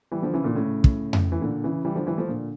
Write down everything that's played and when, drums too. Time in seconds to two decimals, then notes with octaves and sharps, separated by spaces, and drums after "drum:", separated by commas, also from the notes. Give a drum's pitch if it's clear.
0.12 E3 G3
0.22 D3 F3
0.34 C#3 E3
0.44 A#2 D3
0.55 A2 C#3
0.84 drum: kick
1.13 drum: tom F2
1.32 E3
1.41 A#2 D3
1.64 C#3 E3
1.85 E3 G3
1.96 D3 F3
2.07 E3 G3
2.17 F3 A3
2.28 A#2 D3